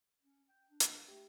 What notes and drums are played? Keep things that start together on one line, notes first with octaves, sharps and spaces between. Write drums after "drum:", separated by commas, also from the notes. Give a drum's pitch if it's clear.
C#4
G5
D4
drum: hi-hat
A3 G4